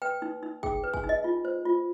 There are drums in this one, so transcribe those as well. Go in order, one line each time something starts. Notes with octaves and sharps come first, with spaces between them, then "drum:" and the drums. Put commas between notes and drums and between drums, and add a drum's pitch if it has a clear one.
B4 G5
D#4
D#4
G#4 G5, drum: kick
B4
G#5, drum: kick
D#4
D#5
F4
C5
F4